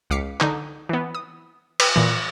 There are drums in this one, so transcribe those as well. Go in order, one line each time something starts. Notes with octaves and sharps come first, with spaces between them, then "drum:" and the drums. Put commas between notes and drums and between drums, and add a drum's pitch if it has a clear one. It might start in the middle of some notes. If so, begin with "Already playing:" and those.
C#2 F5 D6 B6 C#7
D3 D#4 G6, drum: clap
E3 B3
D#6
B4 G5 G#5 D#6 E6, drum: cymbal
A#2 E3